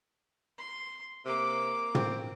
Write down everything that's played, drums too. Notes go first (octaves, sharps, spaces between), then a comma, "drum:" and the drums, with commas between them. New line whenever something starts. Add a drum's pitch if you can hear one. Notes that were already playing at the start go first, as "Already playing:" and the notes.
C6
C3 A#3 D6
C4, drum: tom